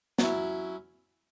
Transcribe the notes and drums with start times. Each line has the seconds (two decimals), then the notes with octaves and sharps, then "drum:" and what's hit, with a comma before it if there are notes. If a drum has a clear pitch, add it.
0.19 F#3 C#4 E4, drum: snare